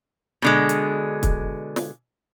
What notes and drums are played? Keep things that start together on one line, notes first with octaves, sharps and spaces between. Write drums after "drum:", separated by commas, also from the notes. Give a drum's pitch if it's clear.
B2 D3 G#3
drum: hi-hat
drum: kick, hi-hat
drum: snare